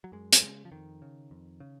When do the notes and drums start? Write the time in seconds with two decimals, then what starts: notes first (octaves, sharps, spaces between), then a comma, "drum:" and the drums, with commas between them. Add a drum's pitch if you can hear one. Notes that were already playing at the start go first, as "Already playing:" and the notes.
0.04 F#3
0.12 F#2 G#3
0.33 drum: hi-hat
0.42 C#3 G#3
0.65 F3
0.71 F2 D#3
1.02 C#3
1.31 F2
1.60 C#3